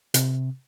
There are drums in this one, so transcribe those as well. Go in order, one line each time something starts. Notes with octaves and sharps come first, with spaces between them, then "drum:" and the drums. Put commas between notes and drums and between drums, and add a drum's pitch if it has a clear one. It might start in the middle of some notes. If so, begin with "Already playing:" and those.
C3, drum: hi-hat